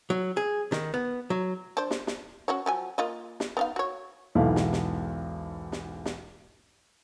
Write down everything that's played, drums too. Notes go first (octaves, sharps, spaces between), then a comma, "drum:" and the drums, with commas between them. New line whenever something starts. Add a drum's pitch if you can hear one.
F#3
G#4
D#3, drum: snare
B3
F#3
D4 C5
drum: snare
drum: snare
C#4 F#4 C#5
F3 F#3 G#5
A#3 F4 D#5
drum: snare
B3 D#4 F5
F#4 C#5
B1 E2 G#2 E4 A4 F5
drum: snare
drum: snare
drum: snare
drum: snare